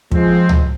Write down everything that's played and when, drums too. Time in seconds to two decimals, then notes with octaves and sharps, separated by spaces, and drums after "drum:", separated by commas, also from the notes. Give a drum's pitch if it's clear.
0.12 F3 G#3 C4, drum: kick
0.49 drum: tom C#2